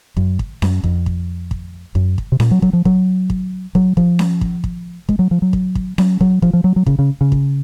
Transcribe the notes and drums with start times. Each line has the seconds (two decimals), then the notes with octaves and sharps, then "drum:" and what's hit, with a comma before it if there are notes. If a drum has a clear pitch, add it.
0.17 F#2, drum: kick
0.39 drum: kick
0.62 F#2, drum: snare C#4
0.84 F2, drum: kick
1.06 drum: kick
1.51 drum: kick
1.95 F#2, drum: kick
2.18 drum: kick
2.32 C3
2.40 A#2, drum: snare C#4
2.51 F#3
2.62 F#3, drum: kick
2.73 F3
2.85 F#3, drum: kick
3.30 drum: kick
3.75 F#3, drum: kick
3.97 F3, drum: kick
4.19 drum: snare C#4
4.41 drum: kick
4.64 drum: kick
5.09 G#3, drum: kick
5.19 F#3
5.31 F3
5.42 F#3
5.53 drum: kick
5.75 drum: kick
5.98 F#3, drum: snare C#4
6.21 F#3, drum: kick
6.42 F3, drum: kick
6.53 F3
6.64 F#3
6.76 F#3
6.86 C#3, drum: kick
6.99 C#3
7.21 C#3
7.32 drum: kick